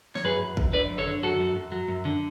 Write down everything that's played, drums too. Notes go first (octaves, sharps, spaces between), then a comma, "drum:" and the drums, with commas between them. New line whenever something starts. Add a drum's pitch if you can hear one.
C#5, drum: snare
F#2 G#4 B4
F#2
F#2, drum: kick G#1
D3 B4 D5
F#2
A4 C#5
D3
F#2 F#4 A4
F#2
F#2
F#3
F#2
D3